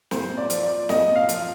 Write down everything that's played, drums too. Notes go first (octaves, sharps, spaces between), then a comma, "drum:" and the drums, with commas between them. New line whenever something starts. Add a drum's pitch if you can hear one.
A#2 C5, drum: snare
D5
F3, drum: hi-hat
D5
A#2 D#5, drum: snare
F5
F3, drum: hi-hat